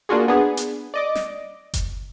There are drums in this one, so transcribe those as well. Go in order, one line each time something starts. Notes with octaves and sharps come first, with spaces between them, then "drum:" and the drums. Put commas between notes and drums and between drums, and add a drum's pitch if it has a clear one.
A#3 D4 F4 F#4 G#4
B3 D4 G#4
drum: hi-hat
D5 D#5 D6
drum: snare
drum: kick F#1, hi-hat